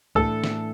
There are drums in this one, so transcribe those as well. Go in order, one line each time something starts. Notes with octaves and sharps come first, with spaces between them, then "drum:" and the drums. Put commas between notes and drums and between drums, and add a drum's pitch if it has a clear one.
A2 E3 A3 D4 A4, drum: kick C#2
drum: snare